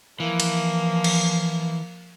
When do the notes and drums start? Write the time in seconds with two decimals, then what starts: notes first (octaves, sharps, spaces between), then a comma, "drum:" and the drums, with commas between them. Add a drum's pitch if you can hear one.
0.20 E3 F3 A#3
0.40 drum: cymbal
1.04 drum: cymbal